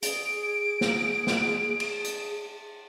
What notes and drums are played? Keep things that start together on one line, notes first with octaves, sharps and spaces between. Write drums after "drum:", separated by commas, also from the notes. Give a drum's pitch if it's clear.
G#4 D7, drum: hi-hat
drum: snare
drum: snare
drum: cymbal
drum: hi-hat